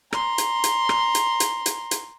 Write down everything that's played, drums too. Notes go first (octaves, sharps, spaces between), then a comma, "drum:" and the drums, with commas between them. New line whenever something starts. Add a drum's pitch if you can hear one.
A#5 C6, drum: rim click
drum: hi-hat
drum: hi-hat
drum: rim click
drum: hi-hat
drum: hi-hat
drum: hi-hat
drum: hi-hat